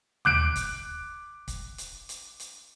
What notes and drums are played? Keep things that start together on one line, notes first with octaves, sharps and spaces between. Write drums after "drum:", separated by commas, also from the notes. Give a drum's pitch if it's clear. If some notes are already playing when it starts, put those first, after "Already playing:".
D6 F#6 D7, drum: tom D#2
drum: kick, hi-hat
drum: kick, hi-hat
drum: hi-hat
drum: hi-hat
drum: hi-hat